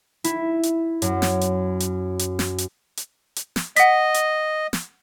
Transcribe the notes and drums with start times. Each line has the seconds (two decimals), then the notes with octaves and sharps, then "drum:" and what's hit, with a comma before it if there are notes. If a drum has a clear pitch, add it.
0.24 E4, drum: hi-hat
0.63 drum: hi-hat
1.02 F#2, drum: hi-hat
1.22 drum: snare
1.41 drum: hi-hat
1.80 drum: hi-hat
2.19 drum: hi-hat
2.39 drum: snare
2.58 drum: hi-hat
2.97 drum: hi-hat
3.36 drum: hi-hat
3.56 drum: snare
3.76 D#5 F#5 B6, drum: hi-hat
4.14 drum: hi-hat
4.73 drum: snare